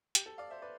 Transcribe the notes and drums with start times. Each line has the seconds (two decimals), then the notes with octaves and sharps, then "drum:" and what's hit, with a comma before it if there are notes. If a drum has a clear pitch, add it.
0.15 G4, drum: hi-hat
0.26 A4
0.38 D5 F5
0.50 C5 E5
0.62 B4 D5